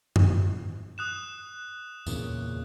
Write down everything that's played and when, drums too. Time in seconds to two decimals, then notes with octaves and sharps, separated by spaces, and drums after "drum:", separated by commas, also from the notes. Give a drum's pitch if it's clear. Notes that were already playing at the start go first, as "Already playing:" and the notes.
0.16 drum: tom F#2
0.98 D#6 F#6 E7
2.07 E2 A#2 C#3, drum: tambourine